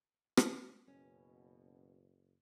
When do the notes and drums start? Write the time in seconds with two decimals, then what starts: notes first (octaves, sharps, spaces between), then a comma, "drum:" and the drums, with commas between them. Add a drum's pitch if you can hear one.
0.37 drum: rim click
0.87 F#1 B2 C#4